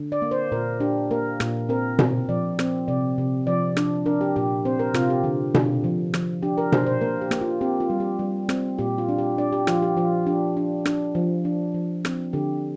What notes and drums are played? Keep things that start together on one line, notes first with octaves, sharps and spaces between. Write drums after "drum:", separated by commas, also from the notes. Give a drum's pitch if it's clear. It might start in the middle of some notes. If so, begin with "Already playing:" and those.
Already playing: D3
D5
A#3
C5
A#2 A#4
D4 G4
A#3 A#4
A#2, drum: rim click
C4 A#4
C4, drum: tom B2
F3 D5
C4, drum: rim click
C3 D5
C3
F3 D5
D4, drum: rim click
D4 A#4
G4
A#2 G4
C4 C5
A#4
C3 F4, drum: rim click
G4
D3 G4
D3, drum: tom B2
F3
F3, drum: rim click
D4 G4
A#4
D4 C5, drum: tom B2
C5
A#3 A#4
G4
A#3, drum: rim click
F4
C4 G4
F4
G3
G4
G3
C4, drum: rim click
A#2 G4
F4
D4
G4
D4 D5
G4
F3 F4, drum: rim click
G4
F3 F4
D4 G4
D4
D4, drum: rim click
F3
D4
F3
C4, drum: rim click
D3 G4